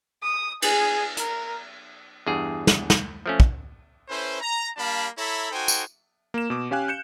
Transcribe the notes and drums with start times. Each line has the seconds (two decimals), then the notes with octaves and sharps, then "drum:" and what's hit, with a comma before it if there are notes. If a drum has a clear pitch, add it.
0.22 D#6
0.62 G#4, drum: cymbal
1.17 A#4, drum: hi-hat
2.26 E2 G2 G#4
2.67 drum: snare
2.90 drum: snare
3.26 F3 A3 C#4
3.40 drum: kick
4.09 C#4 E4 A4 B4 C5
4.41 A#5
4.77 G3 A#3 D4 F5 A5 B5
5.18 E4 A4 C#5 E5 A#5 B5
5.51 D#4 F#4 A4 C5 G5 G#5
5.68 drum: tambourine
6.34 A#3 E7
6.50 B2 D6
6.71 C#4 G4 F5 G#5 F#6
6.88 G6 C#7 E7